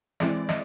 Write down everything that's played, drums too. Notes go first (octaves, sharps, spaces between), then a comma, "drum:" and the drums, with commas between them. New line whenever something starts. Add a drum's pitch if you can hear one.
E3 G#3 C4 D5, drum: snare
D#5, drum: snare